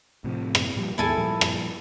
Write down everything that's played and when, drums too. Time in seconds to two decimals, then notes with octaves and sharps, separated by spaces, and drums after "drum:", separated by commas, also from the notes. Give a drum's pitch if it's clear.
0.24 A2 C3 F3
0.55 drum: rim click
0.76 A#2 F3 G3
0.98 D#2 G#2 B3 E4 A4 G#5
1.17 A#2 F3 G3
1.41 drum: rim click